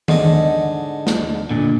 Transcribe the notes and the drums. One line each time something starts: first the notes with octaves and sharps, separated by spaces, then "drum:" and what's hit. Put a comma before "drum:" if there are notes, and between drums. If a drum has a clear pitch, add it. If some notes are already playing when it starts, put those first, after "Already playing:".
G#2 D3 D#5, drum: tom D#3
drum: snare
A#2 D3